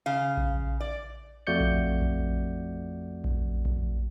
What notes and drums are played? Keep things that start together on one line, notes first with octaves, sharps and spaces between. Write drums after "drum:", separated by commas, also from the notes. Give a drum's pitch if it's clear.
C#3 F5
drum: kick A#1
D5
F2 A3 F#4 D5 G6 C#7
drum: kick A#1
drum: kick A#1
drum: kick A#1
drum: kick A#1